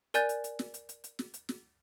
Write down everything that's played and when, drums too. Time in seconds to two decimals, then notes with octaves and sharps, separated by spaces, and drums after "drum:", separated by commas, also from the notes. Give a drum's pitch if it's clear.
0.14 A#4 D5 G#5 F#6 G6 A6, drum: hi-hat
0.29 drum: hi-hat
0.44 drum: hi-hat
0.59 drum: snare
0.74 drum: hi-hat
0.89 drum: hi-hat
1.04 drum: hi-hat
1.19 drum: snare
1.34 drum: hi-hat
1.49 drum: snare